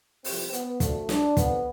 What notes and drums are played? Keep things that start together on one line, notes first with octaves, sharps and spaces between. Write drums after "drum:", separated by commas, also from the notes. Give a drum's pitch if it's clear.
C2 C3 F3 C4, drum: open hi-hat
B3, drum: hi-hat
D2 D3 F3 A3, drum: kick, hi-hat
D4, drum: snare
F2 D3 F3 B3, drum: kick, hi-hat